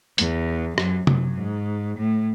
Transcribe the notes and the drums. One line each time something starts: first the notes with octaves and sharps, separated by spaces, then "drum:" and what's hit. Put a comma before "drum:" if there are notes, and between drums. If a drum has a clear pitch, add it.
E2, drum: hi-hat
F#2, drum: rim click
F#2, drum: tom C3
G#2
A2